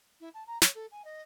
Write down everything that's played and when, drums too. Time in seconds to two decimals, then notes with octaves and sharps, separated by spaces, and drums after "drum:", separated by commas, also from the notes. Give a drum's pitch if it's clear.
0.20 E4
0.34 A5
0.47 A#5
0.62 C#5, drum: snare
0.75 A4
0.92 G#5
1.05 D#5